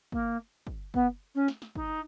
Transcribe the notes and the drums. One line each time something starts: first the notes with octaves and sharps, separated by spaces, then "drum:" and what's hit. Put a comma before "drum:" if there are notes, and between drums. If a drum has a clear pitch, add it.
A#3, drum: kick
drum: kick
B3, drum: kick
C#4
drum: snare
drum: snare
D#4, drum: kick